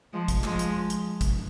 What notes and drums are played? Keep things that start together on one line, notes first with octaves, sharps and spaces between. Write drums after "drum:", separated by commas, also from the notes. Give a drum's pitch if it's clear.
F3 G#3
drum: kick, hi-hat
F3 G#3, drum: clap
drum: hi-hat
drum: hi-hat
drum: kick, hi-hat